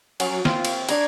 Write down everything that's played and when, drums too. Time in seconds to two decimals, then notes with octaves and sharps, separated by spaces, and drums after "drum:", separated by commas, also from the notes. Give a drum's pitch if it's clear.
0.20 F#3 C#4, drum: cymbal
0.45 C4 F4, drum: snare
0.65 drum: cymbal
0.89 D4 A#5 G#6, drum: cymbal